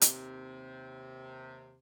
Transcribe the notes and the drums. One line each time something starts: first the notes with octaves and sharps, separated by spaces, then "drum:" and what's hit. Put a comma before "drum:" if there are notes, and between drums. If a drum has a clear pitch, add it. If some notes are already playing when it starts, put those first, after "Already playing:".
D#2 C3, drum: hi-hat